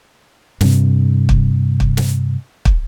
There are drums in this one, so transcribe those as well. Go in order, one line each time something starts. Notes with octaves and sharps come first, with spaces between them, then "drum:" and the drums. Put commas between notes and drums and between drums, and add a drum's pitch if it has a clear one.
G2 C3, drum: snare
drum: kick
drum: kick
drum: snare
drum: kick